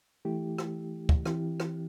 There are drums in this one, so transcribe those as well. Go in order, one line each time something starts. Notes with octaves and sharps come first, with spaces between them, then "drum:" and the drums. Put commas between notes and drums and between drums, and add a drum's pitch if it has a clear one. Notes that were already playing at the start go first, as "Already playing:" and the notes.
E3 A3 E4 G4
drum: rim click
drum: kick
E3 C4 E4 G4, drum: rim click
drum: rim click